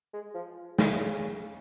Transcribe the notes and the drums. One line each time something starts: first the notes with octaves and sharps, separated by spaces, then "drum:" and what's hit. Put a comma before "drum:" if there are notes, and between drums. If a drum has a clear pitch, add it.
G#3
F3
C#3, drum: snare